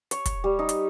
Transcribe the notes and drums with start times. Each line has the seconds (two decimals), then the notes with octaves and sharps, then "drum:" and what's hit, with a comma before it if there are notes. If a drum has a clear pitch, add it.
0.11 C#5, drum: hi-hat
0.26 drum: kick, hi-hat
0.44 G3
0.59 D#4
0.69 drum: hi-hat